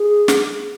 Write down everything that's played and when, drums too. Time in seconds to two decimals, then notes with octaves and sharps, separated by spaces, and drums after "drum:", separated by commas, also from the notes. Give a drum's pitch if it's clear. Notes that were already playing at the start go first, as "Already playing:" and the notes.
Already playing: G#4
0.28 drum: snare